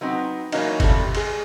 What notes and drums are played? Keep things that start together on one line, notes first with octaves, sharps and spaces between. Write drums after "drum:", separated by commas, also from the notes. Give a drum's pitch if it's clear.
F#3 B3 C4 D#4
E3 F#3 A#3 C#4 D#4, drum: cymbal
C3 F3 G3 A4, drum: kick, cymbal
G#3 G#4, drum: cymbal